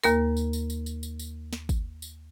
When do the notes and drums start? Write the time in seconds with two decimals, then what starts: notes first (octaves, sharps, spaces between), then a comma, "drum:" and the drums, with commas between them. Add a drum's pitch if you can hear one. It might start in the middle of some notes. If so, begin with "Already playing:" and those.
0.04 D#2 A#3 A#4, drum: tambourine
0.37 drum: tambourine
0.53 drum: tambourine
0.70 drum: tambourine
0.86 drum: tambourine
1.03 drum: tambourine
1.19 drum: tambourine
1.53 drum: snare
1.69 drum: kick, tambourine
2.02 drum: tambourine